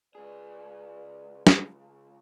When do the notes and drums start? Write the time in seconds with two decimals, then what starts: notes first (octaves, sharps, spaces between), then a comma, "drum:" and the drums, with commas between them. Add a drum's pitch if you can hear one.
0.15 C#2 G#4 B4 D5
1.47 drum: snare